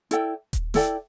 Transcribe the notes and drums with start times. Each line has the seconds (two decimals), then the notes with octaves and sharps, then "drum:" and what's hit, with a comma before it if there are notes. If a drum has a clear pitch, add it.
0.11 E4 A4 D5 G5, drum: hi-hat
0.53 drum: kick D#1, hi-hat
0.74 E4 A4 D5 G5, drum: snare